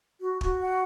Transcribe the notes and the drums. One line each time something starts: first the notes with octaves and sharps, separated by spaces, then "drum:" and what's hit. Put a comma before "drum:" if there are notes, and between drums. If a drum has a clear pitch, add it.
F#4
F#4, drum: kick
F#5